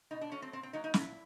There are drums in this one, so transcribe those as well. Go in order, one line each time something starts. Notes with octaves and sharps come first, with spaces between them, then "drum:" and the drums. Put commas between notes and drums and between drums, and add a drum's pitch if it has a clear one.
B2 D#4
D4
F#3 A3 C#4
C4
A#2 C4
C4
F#3 A#3 D#4
D#4
A#2 E4, drum: snare